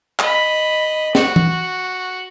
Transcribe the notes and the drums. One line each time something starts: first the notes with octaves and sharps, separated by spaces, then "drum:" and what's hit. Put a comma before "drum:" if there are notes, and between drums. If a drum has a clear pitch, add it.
D#5 B5, drum: clap
F#4, drum: snare
drum: tom E3